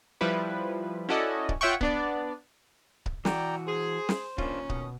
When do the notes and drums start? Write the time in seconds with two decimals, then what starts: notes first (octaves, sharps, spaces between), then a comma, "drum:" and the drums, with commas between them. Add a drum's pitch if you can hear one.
0.21 F3 G3 E4 B4
1.09 C#4 E4 F#4 A4 D5 D#5
1.49 drum: kick C#1
1.61 F4 C#5 E5 F#5 G5 C#6
1.81 B3 D4 D5, drum: kick C#1
3.06 drum: kick C#1
3.25 E3 F#4 D5 G5 A#5, drum: snare
3.66 G#4 C5
4.09 drum: snare
4.38 A#2 D#3 C#4 D4 F4, drum: kick C#1
4.69 B2 D#6, drum: kick C#1